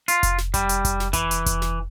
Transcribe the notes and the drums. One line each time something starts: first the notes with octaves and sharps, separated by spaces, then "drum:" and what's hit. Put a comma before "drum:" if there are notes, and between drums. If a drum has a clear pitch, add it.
F4, drum: hi-hat
drum: kick F1, hi-hat
drum: snare
G3, drum: kick F1, hi-hat
drum: hi-hat
drum: kick F1, hi-hat
drum: snare
E3, drum: kick F1, hi-hat
drum: hi-hat
drum: kick F1, hi-hat
drum: snare